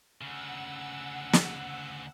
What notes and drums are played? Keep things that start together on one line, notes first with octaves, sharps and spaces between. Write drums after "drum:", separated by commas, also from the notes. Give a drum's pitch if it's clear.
D2 C#3 F#5 E6
drum: snare